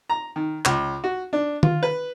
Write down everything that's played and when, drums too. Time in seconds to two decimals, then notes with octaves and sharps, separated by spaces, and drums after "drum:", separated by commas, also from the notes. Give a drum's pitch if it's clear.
0.10 A#5
0.36 D#3
0.65 C#2, drum: clap
1.04 F#4
1.33 D4
1.63 F4, drum: tom D#3
1.83 B4